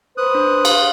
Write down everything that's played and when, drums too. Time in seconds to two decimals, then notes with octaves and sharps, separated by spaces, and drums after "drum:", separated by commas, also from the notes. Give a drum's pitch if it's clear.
0.18 B4 C5 D#6 F#6
0.35 D4
0.65 F5 C6, drum: cymbal